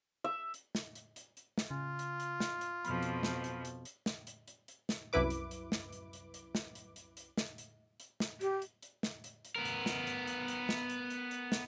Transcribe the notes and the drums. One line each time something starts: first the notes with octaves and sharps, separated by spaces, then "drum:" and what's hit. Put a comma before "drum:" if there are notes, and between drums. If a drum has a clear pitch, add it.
E5
drum: hi-hat
drum: snare
drum: hi-hat
drum: hi-hat
drum: hi-hat
drum: snare
C#3 F4
drum: hi-hat
drum: hi-hat
drum: snare
drum: hi-hat
F2 B2 F3 B5 F6, drum: hi-hat
drum: hi-hat
drum: snare
drum: hi-hat
drum: hi-hat
drum: hi-hat
drum: snare
drum: hi-hat
drum: hi-hat
drum: hi-hat
drum: snare
C2 F#2 E4 B4 D6
drum: hi-hat
drum: hi-hat
drum: snare
drum: hi-hat
drum: hi-hat
drum: hi-hat
drum: snare
drum: hi-hat
drum: hi-hat
drum: hi-hat
drum: snare
drum: hi-hat
drum: hi-hat
drum: snare
G4, drum: hi-hat
drum: hi-hat
drum: hi-hat
drum: snare
drum: hi-hat
drum: hi-hat
B3 A#4
drum: hi-hat
drum: snare
drum: hi-hat
drum: hi-hat
drum: hi-hat
drum: snare
drum: hi-hat
drum: hi-hat
drum: hi-hat
drum: snare